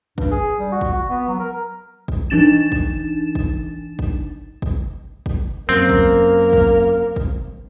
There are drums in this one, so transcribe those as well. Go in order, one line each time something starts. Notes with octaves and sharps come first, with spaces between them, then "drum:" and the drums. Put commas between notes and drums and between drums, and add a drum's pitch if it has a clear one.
G2, drum: kick
G#4
G3
F#4
drum: kick
F#4
B3
F#3
A#4
drum: kick
E3 D4 D#4 A6 E7
drum: kick
drum: kick
drum: kick
drum: kick
drum: kick
F#2 A#3 C4 A#4
drum: kick
drum: kick
drum: kick